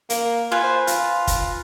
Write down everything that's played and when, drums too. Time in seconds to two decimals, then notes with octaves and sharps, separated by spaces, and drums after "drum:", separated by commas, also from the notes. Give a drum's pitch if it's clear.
0.10 A#3, drum: hi-hat
0.52 F4 B4 G#5
0.64 C5
0.87 F4, drum: hi-hat
1.27 drum: kick, hi-hat